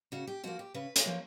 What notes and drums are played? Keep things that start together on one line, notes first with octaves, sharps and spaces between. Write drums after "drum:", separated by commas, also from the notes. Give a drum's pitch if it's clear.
C#3 F#4
G4
F3 A#3 F#4
G4
C#3 B4
C#5, drum: hi-hat
F3 A#3